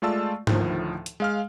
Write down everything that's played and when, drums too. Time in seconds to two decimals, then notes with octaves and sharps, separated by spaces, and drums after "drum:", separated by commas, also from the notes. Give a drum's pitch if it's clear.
0.02 G#3 A3 F4 D5 A5 E6
0.47 D2 A2 D#3 F3, drum: tom G#2
1.06 drum: hi-hat
1.20 G#3 F5 F6